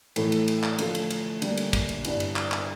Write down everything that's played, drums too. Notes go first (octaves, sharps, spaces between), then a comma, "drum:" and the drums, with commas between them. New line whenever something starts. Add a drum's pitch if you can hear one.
A2 E3 A3, drum: cymbal
drum: cymbal
drum: cymbal
drum: clap
D3 F3 A3, drum: cymbal
drum: cymbal
drum: cymbal
D3 G3 A#3, drum: cymbal
drum: cymbal
drum: kick, cymbal
drum: cymbal
G2 D3 G3 B3 E4, drum: cymbal
drum: cymbal
drum: clap
drum: clap